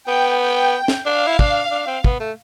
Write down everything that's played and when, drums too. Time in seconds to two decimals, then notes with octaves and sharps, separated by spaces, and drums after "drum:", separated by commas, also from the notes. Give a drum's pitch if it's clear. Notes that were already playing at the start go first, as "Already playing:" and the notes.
0.08 B3 G5
0.41 G5
0.88 drum: snare
1.06 D4 F5
1.27 E4
1.39 D4, drum: kick
1.71 D4
1.87 C4
2.04 B3, drum: kick
2.20 A3